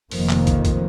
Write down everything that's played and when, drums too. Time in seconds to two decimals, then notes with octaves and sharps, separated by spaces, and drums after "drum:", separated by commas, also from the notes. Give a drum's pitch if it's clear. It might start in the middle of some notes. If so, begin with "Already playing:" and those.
0.11 F1 F2 D#3 F3 A#3, drum: open hi-hat
0.29 drum: clap
0.47 drum: kick, hi-hat
0.65 drum: kick, hi-hat